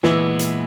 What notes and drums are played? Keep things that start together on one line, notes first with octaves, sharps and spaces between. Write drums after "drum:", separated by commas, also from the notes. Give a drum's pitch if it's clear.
A#2 E3 G#3 B3 E4, drum: snare
drum: hi-hat